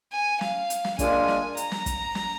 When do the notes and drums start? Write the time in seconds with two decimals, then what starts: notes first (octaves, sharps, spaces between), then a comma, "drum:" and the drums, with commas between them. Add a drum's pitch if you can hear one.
0.12 G#5
0.41 F5, drum: snare
0.70 drum: hi-hat
0.85 drum: snare
0.99 A#2 G#3 D4 F4 G#5, drum: kick, hi-hat
1.28 drum: snare
1.57 A#5, drum: hi-hat
1.72 drum: snare
1.86 drum: kick, hi-hat
2.15 drum: snare